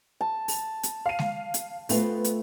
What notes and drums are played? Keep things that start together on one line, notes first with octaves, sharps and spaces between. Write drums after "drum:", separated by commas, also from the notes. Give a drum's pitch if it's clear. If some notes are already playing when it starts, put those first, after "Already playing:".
A5
drum: open hi-hat
drum: hi-hat
F5 D#7
drum: snare G#3
drum: hi-hat
A3 B3 C4 F4, drum: open hi-hat
drum: hi-hat